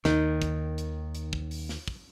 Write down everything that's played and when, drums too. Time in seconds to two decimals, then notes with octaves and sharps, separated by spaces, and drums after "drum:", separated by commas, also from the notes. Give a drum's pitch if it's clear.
0.05 D#2 D#3, drum: snare
0.42 drum: kick, hi-hat
0.78 drum: hi-hat
1.15 drum: hi-hat
1.33 drum: kick
1.51 drum: open hi-hat
1.69 drum: snare
1.88 drum: kick